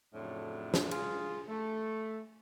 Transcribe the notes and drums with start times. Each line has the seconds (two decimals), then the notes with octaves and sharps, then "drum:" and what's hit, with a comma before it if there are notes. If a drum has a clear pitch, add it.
0.14 F2 A2 C#3 F#3 D4
0.74 drum: snare
0.91 F4 G#4, drum: cymbal
1.48 A3